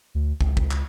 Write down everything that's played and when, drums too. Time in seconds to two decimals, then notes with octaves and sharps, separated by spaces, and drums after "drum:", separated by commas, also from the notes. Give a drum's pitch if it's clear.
0.15 D2
0.41 C#2, drum: kick
0.57 drum: kick
0.71 drum: clap